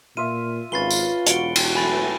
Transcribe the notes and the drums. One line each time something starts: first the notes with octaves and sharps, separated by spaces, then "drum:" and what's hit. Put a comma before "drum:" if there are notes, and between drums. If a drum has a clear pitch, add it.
A#2 F4 E5 D#7
G#1 C#4 F4 B4 C#5 A6 C7 G7
drum: tambourine
E1 F#4 C#7 D7 G7, drum: hi-hat
drum: cymbal
E3 F#3 A3 G#5 B5 A6